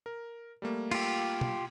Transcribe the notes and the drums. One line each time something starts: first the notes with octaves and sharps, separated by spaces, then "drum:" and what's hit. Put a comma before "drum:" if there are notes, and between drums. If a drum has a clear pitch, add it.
A#4
G3 A3 A#3
F4 G4, drum: cymbal
drum: tom